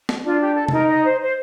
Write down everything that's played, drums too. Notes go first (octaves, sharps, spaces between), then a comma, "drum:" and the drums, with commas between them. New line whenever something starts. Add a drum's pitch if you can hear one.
drum: snare
D4 F4
G4
A4
A4, drum: tom C3
D#4 A#4
D#5
C5
C5